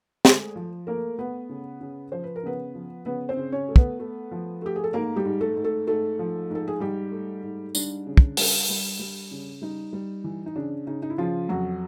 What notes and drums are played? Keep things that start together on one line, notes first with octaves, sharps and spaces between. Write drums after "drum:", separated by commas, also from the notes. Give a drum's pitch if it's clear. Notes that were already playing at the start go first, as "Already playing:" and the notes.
G#3 A3 G#4, drum: snare
F3
A3 A#3 A#4
A3 B3 B4
C#3
C#3
F3 C5
B4
A#4
C#3 B3 B4
F3
C#3 B3 B4
C4 C5
C#3
C#4 C#5
A3
B3 B4, drum: kick
A3
F3
A3 G4
G#4
A4
G#2 A#3 A#4
G3 G4
G#2
A3 A4
G#2
A3 A4
G#2 A3 A4
F3
G#2 A4
G#4
G#2 G3 G4
A3
G#2
G3 D4, drum: tambourine
C#3
drum: kick
G3, drum: open hi-hat
G3
G3
C#3
G3 D#4
G3
E3
D#4
C#3 D4
C#3 D#4
D#4
E4
C#3 F3 F4
F2 F#3 F#4